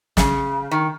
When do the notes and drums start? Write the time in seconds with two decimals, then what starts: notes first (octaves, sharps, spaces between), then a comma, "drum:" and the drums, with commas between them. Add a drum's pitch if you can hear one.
0.17 C#3, drum: snare
0.71 D#3